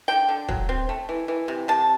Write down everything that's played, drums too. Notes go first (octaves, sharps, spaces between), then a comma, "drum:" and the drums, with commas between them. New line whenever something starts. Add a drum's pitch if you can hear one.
D3 G5
D3
F#3, drum: kick
C4
A3
E3
E3
C3
C3 A5